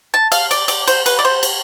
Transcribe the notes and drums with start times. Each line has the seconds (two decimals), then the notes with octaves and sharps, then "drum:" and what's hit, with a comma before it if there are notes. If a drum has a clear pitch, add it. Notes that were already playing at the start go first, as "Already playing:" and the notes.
0.14 A5
0.32 F5, drum: cymbal
0.51 D5, drum: cymbal
0.68 D5, drum: cymbal
0.87 C5, drum: cymbal
1.06 B4, drum: cymbal
1.19 D5
1.25 C5
1.43 drum: cymbal